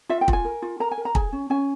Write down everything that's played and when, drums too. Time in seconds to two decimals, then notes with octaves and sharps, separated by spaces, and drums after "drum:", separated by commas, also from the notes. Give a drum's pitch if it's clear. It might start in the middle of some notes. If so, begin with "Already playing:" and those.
0.09 F4 E5
0.21 G5
0.28 F4, drum: kick
0.33 G#5
0.45 A#4
0.62 F4
0.80 A#4 A#5
0.91 G#5
0.98 A#4
1.05 A#5
1.15 G#4 G#5, drum: kick
1.32 C#4
1.50 C#4 G#5